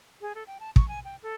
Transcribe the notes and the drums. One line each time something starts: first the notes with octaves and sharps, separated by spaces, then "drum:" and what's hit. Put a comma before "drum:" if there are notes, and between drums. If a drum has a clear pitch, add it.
G#4
A4
G5
A5
C#6, drum: kick
G#5
G5
A4